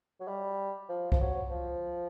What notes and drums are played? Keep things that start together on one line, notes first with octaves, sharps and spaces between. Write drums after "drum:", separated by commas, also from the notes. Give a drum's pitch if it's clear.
F#3
G3
F3
F3, drum: kick C2
F#3
F3